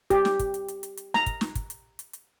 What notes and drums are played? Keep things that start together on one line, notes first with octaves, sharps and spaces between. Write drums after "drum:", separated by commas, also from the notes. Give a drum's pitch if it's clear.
G4, drum: kick, hi-hat
drum: snare
drum: kick, hi-hat
drum: hi-hat
drum: hi-hat
drum: hi-hat
drum: hi-hat
A#5, drum: snare
drum: kick, hi-hat
drum: snare
drum: kick, hi-hat
drum: hi-hat
drum: hi-hat
drum: hi-hat